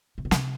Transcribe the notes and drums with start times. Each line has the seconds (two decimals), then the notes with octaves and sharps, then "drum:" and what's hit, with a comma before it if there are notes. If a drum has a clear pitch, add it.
0.18 C3
0.25 B2
0.31 C3, drum: snare